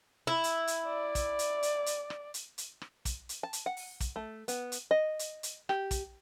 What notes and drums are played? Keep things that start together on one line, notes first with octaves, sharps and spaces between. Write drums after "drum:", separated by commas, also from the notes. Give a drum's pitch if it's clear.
E4
drum: hi-hat
drum: hi-hat
D5
drum: kick, hi-hat
drum: hi-hat
drum: hi-hat
drum: hi-hat
drum: rim click
drum: hi-hat
drum: hi-hat
drum: rim click
drum: kick, hi-hat
drum: hi-hat
A5
drum: hi-hat
F#5
drum: open hi-hat
drum: kick, hi-hat
A3
B3, drum: hi-hat
drum: hi-hat
D#5
drum: hi-hat
drum: hi-hat
G4, drum: rim click
drum: kick, hi-hat